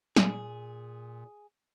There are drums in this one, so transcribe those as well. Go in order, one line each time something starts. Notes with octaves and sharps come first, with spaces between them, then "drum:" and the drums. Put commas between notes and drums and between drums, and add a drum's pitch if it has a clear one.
A#2 G#4, drum: snare